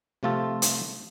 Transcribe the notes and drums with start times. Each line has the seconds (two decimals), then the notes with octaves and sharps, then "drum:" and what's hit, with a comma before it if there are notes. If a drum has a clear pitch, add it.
0.23 C3 F3 A3 F4 G4 A4
0.62 drum: hi-hat